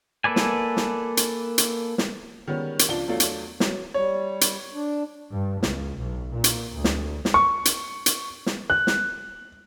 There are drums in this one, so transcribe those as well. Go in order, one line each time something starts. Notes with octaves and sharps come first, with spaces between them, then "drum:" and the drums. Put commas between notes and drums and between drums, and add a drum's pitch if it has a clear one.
A#3 A4 B4 D5 G#5
drum: snare
drum: snare
drum: hi-hat
drum: hi-hat
drum: snare
D#3 G3 G#3 B3 C#4
drum: hi-hat
C#2 F3 D4 F4 G7
E2 F#3 A3 D4 F4 A4
drum: hi-hat
F#3, drum: snare
G3 C#5
drum: hi-hat
D4
G2
C#2, drum: snare
B1
A#2
drum: hi-hat
D2
drum: snare
drum: snare
C#6
drum: hi-hat
drum: hi-hat
drum: snare
F#6
drum: snare